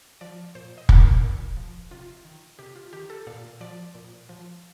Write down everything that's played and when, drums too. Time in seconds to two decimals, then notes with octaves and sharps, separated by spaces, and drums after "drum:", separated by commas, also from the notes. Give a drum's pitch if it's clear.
0.21 F3 D5
0.55 A#2 C5
0.78 D#5
0.89 F3, drum: kick
1.00 A#4
1.23 A#2
1.57 F3
1.91 C3 F4
2.25 D#3
2.59 C3 G4
2.76 F4
2.93 D#3 G4
3.10 A4
3.27 A#2 F5
3.61 F3 D5
3.95 A#2
4.29 F3